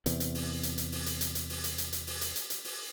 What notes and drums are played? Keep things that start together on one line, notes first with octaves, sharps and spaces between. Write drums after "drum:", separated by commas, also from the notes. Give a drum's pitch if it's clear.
E2 C3, drum: hi-hat
drum: hi-hat
drum: open hi-hat
drum: hi-hat
drum: hi-hat
drum: open hi-hat
drum: hi-hat
drum: hi-hat
drum: hi-hat
drum: open hi-hat
drum: hi-hat
drum: hi-hat
drum: hi-hat
drum: open hi-hat
drum: hi-hat
drum: hi-hat
drum: hi-hat
drum: open hi-hat